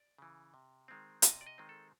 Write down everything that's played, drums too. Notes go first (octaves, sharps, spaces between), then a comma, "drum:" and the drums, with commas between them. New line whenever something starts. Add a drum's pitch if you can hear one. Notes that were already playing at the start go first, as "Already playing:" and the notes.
Already playing: D5
C#3 E3
C3
D#3 G#3 C4
C3 D#5, drum: hi-hat
D5
D#5
D#3 G#3 C4
A4